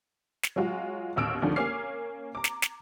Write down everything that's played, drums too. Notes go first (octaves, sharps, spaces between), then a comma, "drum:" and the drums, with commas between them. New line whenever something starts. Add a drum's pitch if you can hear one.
drum: snare
F#3 G#3 F4 F#4
A1 D#2 B2 E6 F6 D7
G#1 D2 D3 D#3 F3
A#3 C#4 G#5 D6 F6 C7
A#5 D6
drum: snare
drum: snare